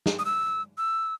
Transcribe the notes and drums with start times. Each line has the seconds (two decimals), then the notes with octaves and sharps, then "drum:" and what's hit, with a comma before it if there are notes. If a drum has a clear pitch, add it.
0.06 drum: snare
0.19 D#6
0.25 E6
0.78 E6